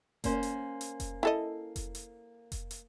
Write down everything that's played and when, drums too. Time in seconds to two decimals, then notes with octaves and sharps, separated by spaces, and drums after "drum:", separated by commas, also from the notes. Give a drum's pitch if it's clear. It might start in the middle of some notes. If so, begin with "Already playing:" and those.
0.24 A#3 C#4 C5, drum: kick F1, hi-hat
0.43 drum: hi-hat
0.81 drum: hi-hat
1.00 drum: kick F1, hi-hat
1.23 E4 A4 D#5
1.76 drum: kick F1, hi-hat
1.95 drum: hi-hat
2.52 drum: kick F1, hi-hat
2.71 drum: hi-hat